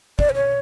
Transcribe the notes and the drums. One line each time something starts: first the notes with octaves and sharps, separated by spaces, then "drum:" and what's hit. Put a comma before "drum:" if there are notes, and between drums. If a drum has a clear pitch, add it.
D5, drum: kick
C5
C#5